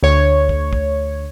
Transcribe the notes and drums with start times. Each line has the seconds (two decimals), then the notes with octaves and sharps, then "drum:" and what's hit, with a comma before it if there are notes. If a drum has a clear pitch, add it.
0.03 D2 C#5
0.49 drum: kick
0.73 drum: kick